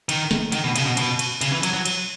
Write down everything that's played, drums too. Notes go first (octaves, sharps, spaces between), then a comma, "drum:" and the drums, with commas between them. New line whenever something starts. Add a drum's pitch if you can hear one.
D#3, drum: cymbal
drum: snare
D#3, drum: cymbal
B2
C#3, drum: cymbal
B2
B2, drum: cymbal
drum: cymbal
C#3, drum: cymbal
E3
F#3, drum: cymbal
F#3
drum: cymbal